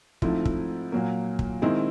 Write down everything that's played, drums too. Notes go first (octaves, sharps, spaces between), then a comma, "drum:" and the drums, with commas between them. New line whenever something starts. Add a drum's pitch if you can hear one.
G#2 F3 A3 C4 E4, drum: kick
drum: kick
A#2 F#3 A#3
drum: kick
D#3 G#3 C4 E4